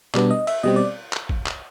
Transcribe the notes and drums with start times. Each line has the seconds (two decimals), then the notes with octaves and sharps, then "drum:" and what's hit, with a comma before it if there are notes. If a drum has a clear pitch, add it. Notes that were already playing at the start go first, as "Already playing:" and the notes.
0.14 B2 G3 B3 D4 D5, drum: clap
0.31 D#5
0.47 E5, drum: cymbal
0.63 B2 G3 C4 D#5
0.76 D5
1.13 drum: clap
1.29 drum: kick
1.46 drum: clap